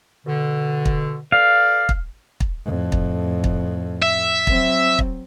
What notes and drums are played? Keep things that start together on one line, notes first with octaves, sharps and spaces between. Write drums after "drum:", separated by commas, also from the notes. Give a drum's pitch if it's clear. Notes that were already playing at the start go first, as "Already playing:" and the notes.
B2 D3
drum: kick
A4 B4 D5 F5
drum: kick
drum: kick
F2 A2
drum: kick
drum: kick
E5
F#3 C4, drum: kick
drum: kick